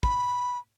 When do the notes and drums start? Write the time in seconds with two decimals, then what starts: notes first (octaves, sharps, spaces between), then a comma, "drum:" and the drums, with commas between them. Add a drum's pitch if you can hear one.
0.03 B5, drum: kick